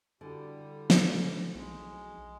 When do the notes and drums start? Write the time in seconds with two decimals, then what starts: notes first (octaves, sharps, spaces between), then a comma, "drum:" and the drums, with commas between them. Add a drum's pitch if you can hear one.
0.21 D3 G3 D4 E4 F#4
0.90 drum: snare F3
1.55 B1 G#3